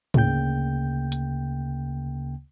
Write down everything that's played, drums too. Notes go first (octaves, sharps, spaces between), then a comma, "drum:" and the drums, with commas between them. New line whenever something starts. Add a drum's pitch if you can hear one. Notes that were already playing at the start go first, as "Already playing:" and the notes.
D2 C#3 A#3 G5 G6, drum: tom G#2
drum: hi-hat